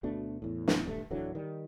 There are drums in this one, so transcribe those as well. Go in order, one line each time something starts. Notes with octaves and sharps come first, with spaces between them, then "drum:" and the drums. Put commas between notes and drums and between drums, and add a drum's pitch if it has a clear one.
D2 B2 A3 D4
E2 A2
drum: snare
D#1 G2 A3
D1 D3 E3 F#3
D#3 G3